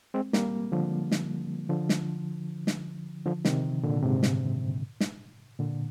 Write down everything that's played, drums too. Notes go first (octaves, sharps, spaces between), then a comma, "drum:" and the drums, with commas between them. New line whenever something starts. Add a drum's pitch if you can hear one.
G#3 C4
G3 A#3, drum: snare
D3 F3
drum: snare
D3 F3
drum: snare
drum: snare
D3 F3
C3 D#3, drum: snare
A#2 D3
G#2 C3
drum: snare
drum: snare
A#2 D3